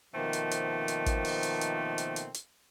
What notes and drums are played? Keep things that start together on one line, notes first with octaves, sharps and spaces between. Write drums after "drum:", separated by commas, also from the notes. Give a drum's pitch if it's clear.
B2 D#3 F3 A3 A#3 C4
drum: hi-hat
drum: hi-hat
drum: hi-hat
drum: kick, hi-hat
drum: open hi-hat
drum: hi-hat
drum: hi-hat
drum: hi-hat
drum: hi-hat
drum: hi-hat